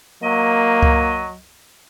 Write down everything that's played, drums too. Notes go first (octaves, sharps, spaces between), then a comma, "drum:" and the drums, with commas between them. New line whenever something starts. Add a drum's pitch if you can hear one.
F#3 A#3 D#5
drum: kick C#2